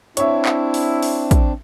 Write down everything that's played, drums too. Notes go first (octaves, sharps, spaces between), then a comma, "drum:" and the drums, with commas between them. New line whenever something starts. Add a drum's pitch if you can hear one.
C4 D4 E4 C#5 E5, drum: hi-hat
drum: clap
drum: open hi-hat
drum: open hi-hat
drum: kick, hi-hat